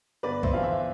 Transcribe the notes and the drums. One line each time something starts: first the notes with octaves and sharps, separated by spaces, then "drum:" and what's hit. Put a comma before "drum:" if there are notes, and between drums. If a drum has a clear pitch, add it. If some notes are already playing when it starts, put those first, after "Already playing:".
G1 B4 D5
C5 E5, drum: kick B1
F2 E3 F5
C5 E5